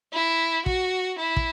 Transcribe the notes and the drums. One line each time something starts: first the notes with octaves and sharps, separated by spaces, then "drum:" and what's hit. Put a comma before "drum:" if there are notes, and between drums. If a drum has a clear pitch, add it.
E4
F#4, drum: kick
E4
drum: kick